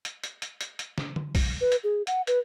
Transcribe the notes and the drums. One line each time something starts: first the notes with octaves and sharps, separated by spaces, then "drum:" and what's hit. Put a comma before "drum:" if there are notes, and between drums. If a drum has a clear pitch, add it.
drum: hi-hat
drum: hi-hat
drum: hi-hat
drum: hi-hat
drum: hi-hat
drum: snare
drum: tom D3
drum: kick, open hi-hat
B4
drum: hi-hat
G#4
F#5, drum: hi-hat
B4, drum: hi-hat